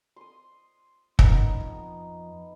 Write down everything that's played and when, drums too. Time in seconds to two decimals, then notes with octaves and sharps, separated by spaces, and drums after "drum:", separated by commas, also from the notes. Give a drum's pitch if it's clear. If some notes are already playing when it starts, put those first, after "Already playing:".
0.16 C6 D#6
1.19 B3 C#4 D#4 A#4, drum: kick
1.60 F2